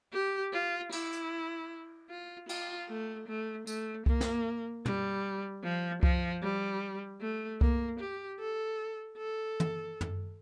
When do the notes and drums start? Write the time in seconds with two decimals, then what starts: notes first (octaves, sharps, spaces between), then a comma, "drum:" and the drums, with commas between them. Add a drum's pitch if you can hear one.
0.13 G4
0.53 F4
0.92 E4, drum: cymbal
1.12 drum: hi-hat
2.10 F4
2.49 F4, drum: cymbal
2.89 A3
3.28 A3
3.67 A3, drum: tambourine
4.06 A#3, drum: kick C2
4.21 drum: snare
4.86 G3, drum: tom
5.64 F3
6.03 F3, drum: kick C2
6.43 G3
7.21 A3
7.61 A#3, drum: kick C2
7.99 G4
8.40 A4
9.18 A4
9.60 drum: tom
10.01 drum: tom